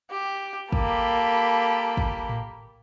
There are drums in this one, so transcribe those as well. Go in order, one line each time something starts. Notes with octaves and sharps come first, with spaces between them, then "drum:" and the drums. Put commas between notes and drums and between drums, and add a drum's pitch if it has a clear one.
G4
A#3 G4 A4 B5, drum: kick
drum: kick
drum: tom A2